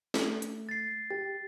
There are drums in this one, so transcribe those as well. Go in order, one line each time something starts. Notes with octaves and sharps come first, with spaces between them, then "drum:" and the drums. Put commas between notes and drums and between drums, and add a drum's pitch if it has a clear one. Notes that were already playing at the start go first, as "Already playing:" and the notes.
A3, drum: snare
drum: hi-hat
A6 C7
G4 A6